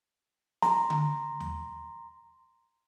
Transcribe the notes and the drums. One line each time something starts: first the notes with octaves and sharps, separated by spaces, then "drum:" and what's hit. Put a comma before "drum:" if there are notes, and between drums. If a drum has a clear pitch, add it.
A#5 C6, drum: snare
drum: tom D3
drum: tom D#2